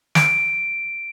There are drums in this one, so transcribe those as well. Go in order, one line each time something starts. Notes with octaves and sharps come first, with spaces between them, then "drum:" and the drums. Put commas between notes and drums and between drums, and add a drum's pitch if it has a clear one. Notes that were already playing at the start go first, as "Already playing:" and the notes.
D7, drum: snare